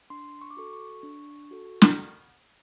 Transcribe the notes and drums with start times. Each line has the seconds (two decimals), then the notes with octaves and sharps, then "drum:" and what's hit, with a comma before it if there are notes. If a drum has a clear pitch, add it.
0.10 D4 C6
0.42 C#6
0.50 D6
0.57 F#4 A4 C#6
0.73 C#6
1.03 D4
1.51 F#4 A4
1.82 drum: snare